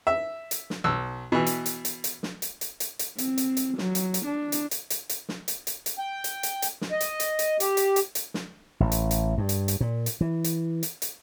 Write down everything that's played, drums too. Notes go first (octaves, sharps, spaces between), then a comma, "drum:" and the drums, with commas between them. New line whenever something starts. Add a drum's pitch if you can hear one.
E5 E6
drum: hi-hat
drum: snare
B1 E6
B2 E3
drum: hi-hat
drum: hi-hat
drum: hi-hat
drum: hi-hat
drum: snare
drum: hi-hat
drum: hi-hat
drum: hi-hat
drum: hi-hat
C4, drum: hi-hat
drum: hi-hat
drum: hi-hat
F#3, drum: snare
drum: hi-hat
drum: hi-hat
D4
drum: hi-hat
drum: hi-hat
drum: hi-hat
drum: hi-hat
drum: snare
drum: hi-hat
drum: hi-hat
drum: hi-hat
G5
drum: hi-hat
drum: hi-hat
drum: hi-hat
drum: snare
D#5
drum: hi-hat
drum: hi-hat
drum: hi-hat
G4, drum: hi-hat
drum: hi-hat
drum: hi-hat
drum: hi-hat
drum: snare
A1
drum: hi-hat
drum: hi-hat
G2
drum: hi-hat
drum: hi-hat
A#2
drum: hi-hat
E3
drum: hi-hat
drum: hi-hat
drum: hi-hat